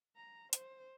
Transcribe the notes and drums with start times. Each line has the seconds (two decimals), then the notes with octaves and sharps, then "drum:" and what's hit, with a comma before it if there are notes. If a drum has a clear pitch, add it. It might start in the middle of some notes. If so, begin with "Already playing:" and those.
0.16 A#5
0.53 C5, drum: hi-hat